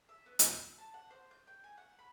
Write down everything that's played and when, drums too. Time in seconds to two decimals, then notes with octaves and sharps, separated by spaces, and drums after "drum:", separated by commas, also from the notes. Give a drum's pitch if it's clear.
0.09 E5
0.26 B3
0.39 C4, drum: hi-hat
0.51 E6
0.78 A5
0.94 F#5
1.10 C5
1.31 G6
1.47 G5
1.64 G#5
1.77 F#5
1.99 B5